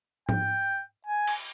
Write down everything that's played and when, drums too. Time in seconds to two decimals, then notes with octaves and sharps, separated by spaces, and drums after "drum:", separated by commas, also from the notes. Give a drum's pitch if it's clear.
0.29 G5, drum: tom G#2
1.06 G#5
1.27 drum: cymbal